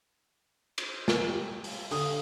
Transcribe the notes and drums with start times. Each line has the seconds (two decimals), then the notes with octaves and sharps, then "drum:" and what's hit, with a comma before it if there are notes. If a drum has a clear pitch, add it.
0.78 drum: cymbal
1.08 drum: snare
1.27 G3
1.64 drum: open hi-hat
1.91 D3 D#6, drum: open hi-hat